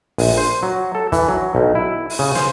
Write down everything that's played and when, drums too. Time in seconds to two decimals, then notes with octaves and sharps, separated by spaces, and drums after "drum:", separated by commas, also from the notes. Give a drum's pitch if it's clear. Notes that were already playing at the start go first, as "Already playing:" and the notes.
0.18 A#1, drum: open hi-hat
0.37 C5
0.63 F#3
0.95 A4
1.12 E3, drum: kick, hi-hat
1.28 F#3
1.55 B1
1.75 E4
2.10 drum: open hi-hat
2.19 C#3
2.35 C5, drum: snare